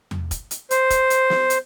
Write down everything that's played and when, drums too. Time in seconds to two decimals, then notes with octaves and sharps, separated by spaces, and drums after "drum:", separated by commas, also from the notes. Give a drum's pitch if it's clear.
0.11 drum: tom E2
0.31 drum: kick, hi-hat
0.51 drum: hi-hat
0.71 C5, drum: hi-hat
0.90 drum: kick, hi-hat
1.10 drum: hi-hat
1.30 drum: snare
1.50 drum: hi-hat